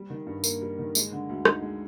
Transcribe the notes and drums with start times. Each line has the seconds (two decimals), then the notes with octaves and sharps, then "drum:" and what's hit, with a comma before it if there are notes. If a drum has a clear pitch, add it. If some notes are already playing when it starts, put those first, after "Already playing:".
Already playing: G3
0.10 D#3
0.27 G2
0.44 A#3, drum: tambourine
0.61 G3
0.78 D#3
0.95 G#3, drum: tambourine
1.12 D3
1.29 D2
1.45 D#4, drum: rim click
1.62 G#3